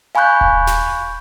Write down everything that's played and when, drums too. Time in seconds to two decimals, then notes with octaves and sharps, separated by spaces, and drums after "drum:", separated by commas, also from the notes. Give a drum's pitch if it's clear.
0.15 F5 G#5 B5 C#6 F#6 G6
0.41 drum: kick D#1
0.67 drum: snare